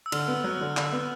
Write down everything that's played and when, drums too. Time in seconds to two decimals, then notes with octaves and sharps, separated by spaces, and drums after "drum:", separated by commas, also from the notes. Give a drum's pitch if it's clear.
0.06 E6
0.12 D3 F6, drum: cymbal
0.28 B3
0.44 F#3 F#6
0.61 D3
0.77 D3, drum: clap
0.93 B3